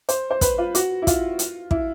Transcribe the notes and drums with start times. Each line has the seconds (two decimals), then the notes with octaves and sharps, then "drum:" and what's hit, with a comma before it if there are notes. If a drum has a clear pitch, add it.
0.09 C5, drum: hi-hat
0.30 C5
0.41 B4, drum: kick, hi-hat
0.58 F4
0.75 F#4, drum: hi-hat
1.02 E4
1.07 F4, drum: kick, hi-hat
1.39 drum: hi-hat
1.71 E4, drum: kick